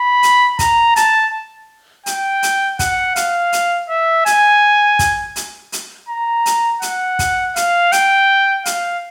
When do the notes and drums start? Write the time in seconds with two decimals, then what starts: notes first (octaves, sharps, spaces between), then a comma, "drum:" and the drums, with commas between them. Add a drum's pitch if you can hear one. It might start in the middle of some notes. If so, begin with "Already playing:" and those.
Already playing: B5
0.23 drum: hi-hat
0.59 A#5, drum: kick, hi-hat
0.96 A5, drum: hi-hat
2.06 G5, drum: hi-hat
2.43 drum: hi-hat
2.79 F#5, drum: kick, hi-hat
3.16 F5, drum: hi-hat
3.53 drum: hi-hat
3.89 E5
4.26 G#5, drum: hi-hat
4.99 drum: kick, hi-hat
5.36 drum: hi-hat
5.72 drum: hi-hat
6.09 A#5
6.46 drum: hi-hat
6.82 F#5, drum: hi-hat
7.19 drum: kick, hi-hat
7.56 F5, drum: hi-hat
7.92 G5, drum: hi-hat
8.66 F5, drum: hi-hat